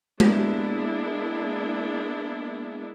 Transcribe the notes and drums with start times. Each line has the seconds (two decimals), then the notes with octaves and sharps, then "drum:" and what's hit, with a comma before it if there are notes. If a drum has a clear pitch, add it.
0.20 G#3 A#3 B3 D4 E4, drum: tom G#3